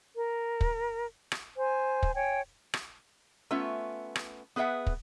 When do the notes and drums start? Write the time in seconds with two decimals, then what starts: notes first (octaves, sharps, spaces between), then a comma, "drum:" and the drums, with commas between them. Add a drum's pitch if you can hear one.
0.15 A#4
0.61 drum: kick
1.32 drum: rim click
1.55 C5 G#5
2.03 drum: kick
2.15 C#5 G5 G#5
2.74 drum: rim click
3.51 A3 B3 C#4 F4 E5
4.16 drum: rim click
4.56 B3 G#4 B4 E5 F#5
4.87 drum: kick